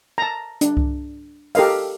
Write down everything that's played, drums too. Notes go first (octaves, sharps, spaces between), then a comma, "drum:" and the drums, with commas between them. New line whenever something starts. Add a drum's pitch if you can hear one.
A5 A#5
D4, drum: hi-hat
drum: kick C2
G4 A4 A#4 D#5 F5, drum: open hi-hat